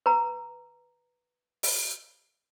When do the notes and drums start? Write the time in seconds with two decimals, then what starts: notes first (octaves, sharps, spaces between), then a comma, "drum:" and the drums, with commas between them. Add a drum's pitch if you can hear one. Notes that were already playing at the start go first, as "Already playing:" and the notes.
0.06 B4 A#5
1.63 drum: open hi-hat